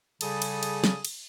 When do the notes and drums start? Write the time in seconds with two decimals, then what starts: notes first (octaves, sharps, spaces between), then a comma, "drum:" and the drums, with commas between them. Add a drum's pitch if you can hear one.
0.21 C#3 G3 G#4 A4 A5 D#6, drum: cymbal
0.42 drum: cymbal
0.63 drum: cymbal
0.84 drum: snare
1.05 drum: cymbal